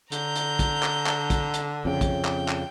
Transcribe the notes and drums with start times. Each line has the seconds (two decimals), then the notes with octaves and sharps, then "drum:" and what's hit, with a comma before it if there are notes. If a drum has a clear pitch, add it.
0.12 D3 A#5 G6, drum: hi-hat
0.36 drum: hi-hat
0.59 drum: kick, hi-hat
0.83 drum: clap
1.07 drum: clap
1.30 drum: kick, hi-hat
1.54 drum: hi-hat
1.85 F2 C#3 G5
2.01 drum: kick, hi-hat
2.25 drum: clap
2.48 drum: clap